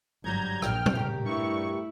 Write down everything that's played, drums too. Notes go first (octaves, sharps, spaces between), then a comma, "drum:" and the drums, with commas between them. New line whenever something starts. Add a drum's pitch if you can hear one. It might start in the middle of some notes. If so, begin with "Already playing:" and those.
G1 G#2 F#3 G3 A#5 G6 G#6
A#1 G5 F6, drum: rim click
drum: tom A#2
A1 C#3 G4 A#4
G2 A3 E4 C#6